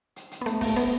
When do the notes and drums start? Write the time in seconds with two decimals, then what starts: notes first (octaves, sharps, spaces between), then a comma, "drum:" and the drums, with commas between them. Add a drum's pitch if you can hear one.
0.16 drum: hi-hat
0.31 drum: hi-hat
0.41 B3
0.46 A3, drum: hi-hat
0.61 A3, drum: kick, open hi-hat
0.76 B3, drum: hi-hat